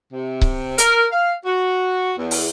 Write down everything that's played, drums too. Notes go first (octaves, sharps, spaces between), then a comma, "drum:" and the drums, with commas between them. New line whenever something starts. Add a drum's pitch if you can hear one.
C3
drum: kick C#1
A#4, drum: hi-hat
F5
F#4
E2
drum: open hi-hat